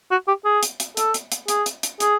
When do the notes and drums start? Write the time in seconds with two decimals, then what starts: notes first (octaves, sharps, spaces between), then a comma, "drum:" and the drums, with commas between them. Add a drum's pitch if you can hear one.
0.11 F#4
0.28 G4
0.45 G#4
0.63 drum: hi-hat
0.80 drum: hi-hat
0.97 A4, drum: hi-hat
1.14 drum: hi-hat
1.32 drum: hi-hat
1.48 G#4, drum: hi-hat
1.66 drum: hi-hat
1.83 drum: hi-hat
2.00 G#4, drum: hi-hat